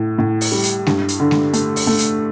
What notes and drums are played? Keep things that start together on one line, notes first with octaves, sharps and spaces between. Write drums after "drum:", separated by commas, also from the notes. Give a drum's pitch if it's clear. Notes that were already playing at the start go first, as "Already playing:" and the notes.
Already playing: A2
A2
drum: open hi-hat
G3
drum: hi-hat
G2, drum: snare G#3
drum: hi-hat
D3
drum: snare G#3
A3, drum: hi-hat
drum: open hi-hat
A3
drum: hi-hat